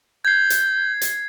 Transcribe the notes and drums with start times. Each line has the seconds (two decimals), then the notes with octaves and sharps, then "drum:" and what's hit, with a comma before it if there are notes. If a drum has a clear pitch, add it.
0.25 G6 G#6 C7
0.50 drum: hi-hat
1.01 drum: hi-hat